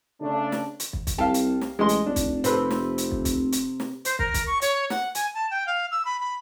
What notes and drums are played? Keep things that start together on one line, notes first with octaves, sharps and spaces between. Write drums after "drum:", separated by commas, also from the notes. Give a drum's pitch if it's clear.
C#3 A3 D4
drum: snare
drum: hi-hat
drum: kick
drum: kick, hi-hat
C2 G4 F5 A5
drum: hi-hat
drum: snare
A1 G#3 D#5 C6
drum: hi-hat
F1 D4
drum: kick, hi-hat
C3 A4 B4 C5, drum: hi-hat
drum: snare
drum: hi-hat
drum: kick
drum: kick, hi-hat
drum: hi-hat
drum: snare
C5, drum: hi-hat
A#4, drum: kick
drum: kick, hi-hat
C#6
C#5, drum: hi-hat
F#5, drum: snare
G#5, drum: hi-hat
A5
G5
F5
E6
B5
B5